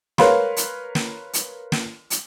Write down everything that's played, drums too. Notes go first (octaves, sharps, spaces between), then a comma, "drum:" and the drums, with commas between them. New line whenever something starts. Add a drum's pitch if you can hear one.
A#4 B4 C#5 F5 B5 C6, drum: snare
drum: hi-hat
drum: snare
drum: hi-hat
drum: snare
drum: hi-hat